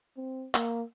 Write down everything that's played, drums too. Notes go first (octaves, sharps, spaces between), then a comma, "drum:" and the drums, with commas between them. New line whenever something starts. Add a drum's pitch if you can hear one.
C4
A#3, drum: clap